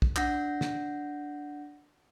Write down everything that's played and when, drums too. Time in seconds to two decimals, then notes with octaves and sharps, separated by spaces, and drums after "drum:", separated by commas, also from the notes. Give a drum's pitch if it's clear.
0.02 drum: kick
0.16 D4 F#5 G6 A#6, drum: clap
0.61 drum: snare